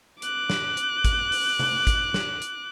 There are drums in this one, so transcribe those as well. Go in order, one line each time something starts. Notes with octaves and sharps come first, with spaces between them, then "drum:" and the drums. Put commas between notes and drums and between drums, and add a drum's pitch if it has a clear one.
D6 F#6, drum: hi-hat
drum: snare
drum: hi-hat
drum: kick, hi-hat
drum: open hi-hat
drum: tom C3
drum: kick, hi-hat
drum: snare
drum: hi-hat